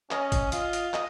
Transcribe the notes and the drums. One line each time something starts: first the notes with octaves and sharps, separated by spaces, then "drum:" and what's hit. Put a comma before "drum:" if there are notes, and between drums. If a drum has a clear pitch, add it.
C#4 D#5, drum: clap
drum: kick, hi-hat
F4, drum: hi-hat
drum: hi-hat
D#5, drum: clap